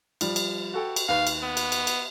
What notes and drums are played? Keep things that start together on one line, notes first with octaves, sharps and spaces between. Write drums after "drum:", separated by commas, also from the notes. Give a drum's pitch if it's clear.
F3 G3, drum: cymbal
drum: cymbal
F#4 A4 G5
drum: cymbal
D#2 B4 F5
drum: cymbal
B3
drum: cymbal
drum: cymbal
drum: cymbal